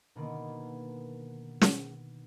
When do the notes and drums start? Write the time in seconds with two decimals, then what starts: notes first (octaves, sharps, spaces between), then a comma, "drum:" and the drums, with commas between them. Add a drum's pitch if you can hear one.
0.15 B2 D3 D#3 A#3 B3
1.61 drum: snare